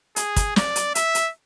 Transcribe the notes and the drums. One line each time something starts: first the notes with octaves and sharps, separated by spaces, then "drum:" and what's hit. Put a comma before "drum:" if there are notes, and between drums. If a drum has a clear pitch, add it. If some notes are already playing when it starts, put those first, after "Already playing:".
G#4, drum: hi-hat
drum: kick, hi-hat
D5, drum: snare
drum: hi-hat
E5, drum: hi-hat
drum: hi-hat